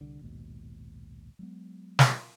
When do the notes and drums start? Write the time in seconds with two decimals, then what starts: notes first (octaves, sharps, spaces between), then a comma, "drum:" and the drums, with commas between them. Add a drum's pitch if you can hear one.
0.01 C2 D3
0.21 A#1 D#2 G#2 B2
1.39 F#3 G#3 B3
1.99 drum: snare